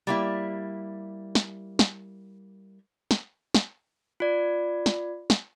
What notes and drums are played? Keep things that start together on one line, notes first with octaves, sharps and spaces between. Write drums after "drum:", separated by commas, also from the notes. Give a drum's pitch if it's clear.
G3 A#3 E4
drum: snare
drum: snare
drum: snare
drum: snare
F4 D5
drum: snare
drum: snare